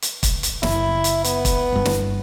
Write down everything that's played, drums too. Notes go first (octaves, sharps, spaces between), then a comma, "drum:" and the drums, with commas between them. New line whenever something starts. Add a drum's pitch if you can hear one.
drum: hi-hat
drum: kick, hi-hat
drum: hi-hat
F#1 E4, drum: snare
drum: hi-hat
B3, drum: hi-hat
drum: kick, hi-hat
G1 G2
drum: snare